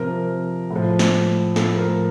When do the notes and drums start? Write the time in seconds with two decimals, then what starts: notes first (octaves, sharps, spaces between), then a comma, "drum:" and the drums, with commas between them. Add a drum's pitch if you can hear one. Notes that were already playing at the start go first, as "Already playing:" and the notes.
Already playing: C3 F3 A#4
0.70 A2
0.76 F3
0.99 drum: snare
1.56 A2 F3 A4, drum: snare
1.77 A#4